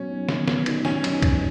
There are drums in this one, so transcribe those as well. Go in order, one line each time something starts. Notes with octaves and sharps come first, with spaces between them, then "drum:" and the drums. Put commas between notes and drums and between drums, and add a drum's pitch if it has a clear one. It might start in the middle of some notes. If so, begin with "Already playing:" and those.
Already playing: B2 F#3 C#4
D#4
B2, drum: snare
B3, drum: snare
D#4, drum: cymbal
F#3 C#4, drum: snare
D#4, drum: cymbal
D#4, drum: kick, cymbal